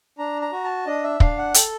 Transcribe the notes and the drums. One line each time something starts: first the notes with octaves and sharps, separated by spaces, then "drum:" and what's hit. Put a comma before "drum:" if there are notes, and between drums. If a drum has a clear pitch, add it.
D4 A#5
A#5
F#4
A5
D4 D#5
E5
D4 F5, drum: kick
F#5
A4 G5, drum: hi-hat